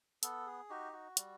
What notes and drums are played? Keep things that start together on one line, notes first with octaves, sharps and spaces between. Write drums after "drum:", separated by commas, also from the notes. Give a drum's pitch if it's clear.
B3 A4, drum: hi-hat
G#4
D#4 F#4 G4
F#4
G3, drum: hi-hat